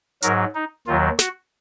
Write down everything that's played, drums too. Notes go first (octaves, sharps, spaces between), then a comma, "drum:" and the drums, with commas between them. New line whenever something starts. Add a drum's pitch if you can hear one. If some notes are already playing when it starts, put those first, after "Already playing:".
G#2 F#3 A#4, drum: hi-hat
D#4
D#2 D#3 F#3 F4
F#4, drum: snare